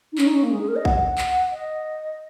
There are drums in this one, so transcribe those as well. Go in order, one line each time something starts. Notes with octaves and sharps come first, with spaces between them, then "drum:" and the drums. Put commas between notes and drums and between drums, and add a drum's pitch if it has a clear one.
D#4
C#4, drum: clap
D#4
C#4
A#3
G#3
G#4
A#4
D#5
F#5, drum: kick
drum: clap
D#5